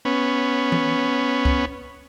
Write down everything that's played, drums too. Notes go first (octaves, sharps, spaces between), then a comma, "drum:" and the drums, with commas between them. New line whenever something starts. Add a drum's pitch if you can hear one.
B3 C#4
drum: tom E3
drum: kick C2